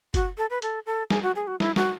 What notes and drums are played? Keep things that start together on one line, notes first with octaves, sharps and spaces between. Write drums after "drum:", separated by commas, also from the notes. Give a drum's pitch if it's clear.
F#4, drum: kick F#1, hi-hat
A4
B4
A4, drum: hi-hat
A4
G#4, drum: snare
F#4
G#4
F#4
E4, drum: snare
F#4, drum: snare